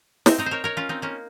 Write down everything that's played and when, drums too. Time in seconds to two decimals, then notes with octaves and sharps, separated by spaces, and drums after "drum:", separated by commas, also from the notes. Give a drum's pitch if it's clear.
0.26 C4 D#4, drum: snare
0.38 C4 D#4
0.46 C5
0.51 A#4 C#5
0.64 A#4 C#5
0.77 C#4 F4
0.89 C4 D#4
1.02 A#3 C#4